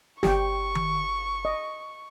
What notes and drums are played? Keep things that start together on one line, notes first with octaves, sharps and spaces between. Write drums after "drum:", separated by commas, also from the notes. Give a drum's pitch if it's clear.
G1 G4 G5 C#6, drum: snare
drum: tom D#3
D#5